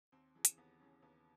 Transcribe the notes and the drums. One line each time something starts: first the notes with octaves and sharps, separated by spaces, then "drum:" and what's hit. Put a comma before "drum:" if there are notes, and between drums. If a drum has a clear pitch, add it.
D#2 C4
C#3 E3
drum: hi-hat
D#2 B3
C#3 E3 C#4
D#2 B3